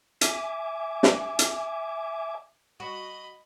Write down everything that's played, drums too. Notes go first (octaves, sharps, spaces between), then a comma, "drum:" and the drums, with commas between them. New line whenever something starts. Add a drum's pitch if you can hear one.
E5 G#5 D6, drum: hi-hat
drum: snare
drum: hi-hat
F#4 D#5 B5